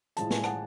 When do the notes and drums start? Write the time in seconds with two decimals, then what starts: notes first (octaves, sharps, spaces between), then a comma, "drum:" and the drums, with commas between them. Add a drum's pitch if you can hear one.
0.17 A2 F3 G#3 A5, drum: hi-hat
0.30 G#5, drum: snare
0.44 F#5 A5, drum: rim click